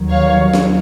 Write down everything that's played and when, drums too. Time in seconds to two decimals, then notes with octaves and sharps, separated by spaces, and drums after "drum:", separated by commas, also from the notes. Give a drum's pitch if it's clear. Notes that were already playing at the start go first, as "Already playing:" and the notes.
Already playing: D#2 D#3 F#3
0.10 C#5 F5
0.53 drum: snare